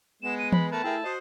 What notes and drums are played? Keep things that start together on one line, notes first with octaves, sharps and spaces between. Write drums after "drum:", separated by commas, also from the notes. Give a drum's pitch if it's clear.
G#3 B3 E7
D#7
B5, drum: tom E3
A3 A#4 B4 A5
A3 E4 G#4 A#4 G5
F#4 C5 D#5